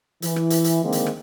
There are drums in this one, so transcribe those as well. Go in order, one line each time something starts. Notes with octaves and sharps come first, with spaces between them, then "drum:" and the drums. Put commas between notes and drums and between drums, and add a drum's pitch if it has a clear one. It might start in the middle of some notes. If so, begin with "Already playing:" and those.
E3, drum: hi-hat
drum: rim click
drum: hi-hat
drum: hi-hat
D3 D#3 G#3 A#3 C4
drum: hi-hat
drum: rim click